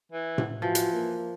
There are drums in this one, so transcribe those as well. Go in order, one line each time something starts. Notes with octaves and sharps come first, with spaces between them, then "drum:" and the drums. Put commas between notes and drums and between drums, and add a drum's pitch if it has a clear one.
E3
drum: tom A2
E3 F3 F#4
drum: hi-hat
A#3